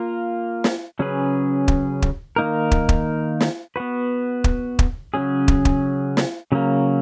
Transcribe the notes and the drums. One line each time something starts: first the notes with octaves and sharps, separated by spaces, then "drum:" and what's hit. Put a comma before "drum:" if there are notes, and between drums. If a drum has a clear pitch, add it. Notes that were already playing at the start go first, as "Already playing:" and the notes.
Already playing: A#3 F4 A#4
drum: snare
C#3 F#3 C#4 G#4 B4
drum: kick
drum: kick
D#3 A#3 D#4 A#4
drum: kick
drum: kick
drum: snare
B3 F#4 B4
drum: kick
drum: kick
C#3 F#3 C#4 G#4
drum: kick
drum: kick
drum: snare
C#3 F#3 A#3